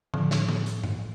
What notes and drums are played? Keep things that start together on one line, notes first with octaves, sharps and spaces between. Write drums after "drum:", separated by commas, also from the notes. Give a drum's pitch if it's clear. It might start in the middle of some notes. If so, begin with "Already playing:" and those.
A2 D3 F3, drum: tom
drum: snare
drum: tom D3
drum: hi-hat
drum: tom G2